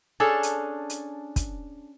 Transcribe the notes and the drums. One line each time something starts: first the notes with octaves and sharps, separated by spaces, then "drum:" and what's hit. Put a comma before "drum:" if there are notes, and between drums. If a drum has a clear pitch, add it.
C#4 D4 G#4 A4
drum: hi-hat
drum: hi-hat
drum: kick, hi-hat